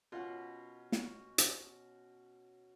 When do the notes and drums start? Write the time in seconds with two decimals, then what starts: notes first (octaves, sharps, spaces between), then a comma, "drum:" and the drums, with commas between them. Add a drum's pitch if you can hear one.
0.12 B2 C#4 F4 F#5
0.92 drum: snare
1.38 drum: hi-hat